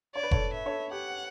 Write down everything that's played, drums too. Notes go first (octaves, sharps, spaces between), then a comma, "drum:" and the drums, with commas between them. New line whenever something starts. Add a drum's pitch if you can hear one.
C#5 D5
B4
A4 C#5, drum: kick F1
E5
A4 C#5
G4 F#5